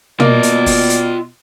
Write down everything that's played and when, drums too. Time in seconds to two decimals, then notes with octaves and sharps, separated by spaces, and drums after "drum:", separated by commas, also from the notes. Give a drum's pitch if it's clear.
0.20 B2 A#3 F4 D5 D#5, drum: tom
0.43 drum: hi-hat
0.66 drum: kick, open hi-hat
0.90 drum: hi-hat